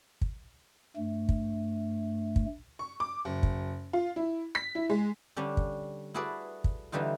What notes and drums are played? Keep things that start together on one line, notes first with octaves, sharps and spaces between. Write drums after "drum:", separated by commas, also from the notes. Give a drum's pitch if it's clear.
drum: kick
G2 A3
drum: kick
drum: kick
C#6
D6
F#1
drum: kick
F4
E4
B6
E4
G#3
D3 G3 C#4 D4
drum: kick
E4 F#4 G#4 A4 B4 D5
drum: kick
D3 E3 G3 D#4 F4